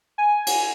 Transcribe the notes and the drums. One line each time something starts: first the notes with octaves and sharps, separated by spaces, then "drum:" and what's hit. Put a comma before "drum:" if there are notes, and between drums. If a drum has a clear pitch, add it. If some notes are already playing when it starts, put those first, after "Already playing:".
G#5
drum: cymbal